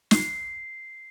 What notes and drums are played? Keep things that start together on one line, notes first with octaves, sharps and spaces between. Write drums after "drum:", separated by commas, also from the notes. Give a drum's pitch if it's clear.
C7, drum: snare